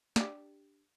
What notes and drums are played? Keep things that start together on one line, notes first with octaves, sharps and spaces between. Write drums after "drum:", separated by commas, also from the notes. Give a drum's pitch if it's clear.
D4 G4, drum: snare